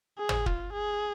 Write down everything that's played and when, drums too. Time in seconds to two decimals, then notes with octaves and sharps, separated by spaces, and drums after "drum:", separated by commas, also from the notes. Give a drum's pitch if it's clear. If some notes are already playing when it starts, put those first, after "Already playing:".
0.18 G#4
0.29 drum: tom G#1
0.46 F4, drum: kick
0.73 G#4